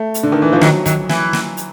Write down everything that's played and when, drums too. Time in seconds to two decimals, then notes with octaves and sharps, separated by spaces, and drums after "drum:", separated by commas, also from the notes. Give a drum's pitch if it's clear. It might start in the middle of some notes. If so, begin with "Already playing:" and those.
Already playing: A3
0.14 drum: hi-hat
0.23 D3
0.32 D#3
0.42 E3
0.53 F3
0.61 D#3 F#3, drum: snare
0.86 D#3, drum: kick, hi-hat
1.09 E3, drum: snare
1.33 drum: snare
1.57 drum: hi-hat